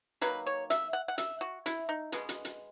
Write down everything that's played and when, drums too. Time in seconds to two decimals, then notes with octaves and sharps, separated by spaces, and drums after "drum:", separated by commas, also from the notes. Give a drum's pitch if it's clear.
0.21 D#3 F#3 A#3 B4, drum: hi-hat
0.46 C#5
0.70 E5, drum: hi-hat
0.93 F#5
1.08 F#5
1.18 E5, drum: hi-hat
1.41 F#4
1.66 E4, drum: hi-hat
1.89 D#4
2.12 B2 G#3 B3, drum: hi-hat
2.29 drum: hi-hat
2.45 drum: hi-hat